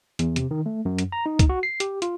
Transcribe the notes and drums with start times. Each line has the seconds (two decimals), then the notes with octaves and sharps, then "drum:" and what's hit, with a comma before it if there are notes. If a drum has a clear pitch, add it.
0.19 E2, drum: hi-hat
0.36 C3, drum: hi-hat
0.51 D#3
0.66 A3
0.85 F#2
0.98 drum: hi-hat
1.12 A#5
1.26 D#4
1.39 drum: kick, hi-hat
1.49 F#4
1.63 C7
1.80 G4, drum: hi-hat
2.02 F4, drum: hi-hat